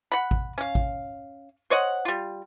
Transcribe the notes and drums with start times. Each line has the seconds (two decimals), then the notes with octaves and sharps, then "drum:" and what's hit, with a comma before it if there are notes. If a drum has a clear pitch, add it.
0.12 F#5 B5
0.31 drum: kick A1
0.58 C#4 F5
0.75 drum: kick A1
1.70 C5 C#5 D#5 F#5
2.05 G3 F4